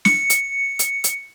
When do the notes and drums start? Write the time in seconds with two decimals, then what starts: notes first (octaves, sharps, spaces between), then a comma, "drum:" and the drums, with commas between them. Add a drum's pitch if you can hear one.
0.05 C#7, drum: snare
0.30 drum: hi-hat
0.79 drum: hi-hat
1.04 drum: hi-hat